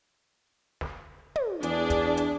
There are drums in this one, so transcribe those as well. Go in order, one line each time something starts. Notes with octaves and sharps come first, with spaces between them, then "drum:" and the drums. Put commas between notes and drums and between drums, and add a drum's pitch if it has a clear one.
drum: snare
drum: tom
E2 D4 G#4, drum: hi-hat
drum: kick, hi-hat
drum: hi-hat